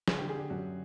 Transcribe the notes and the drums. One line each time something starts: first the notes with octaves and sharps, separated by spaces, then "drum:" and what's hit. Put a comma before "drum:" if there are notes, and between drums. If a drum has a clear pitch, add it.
D3 G#4, drum: snare
G4
D3
G#4
D3 G4
F#2 F#4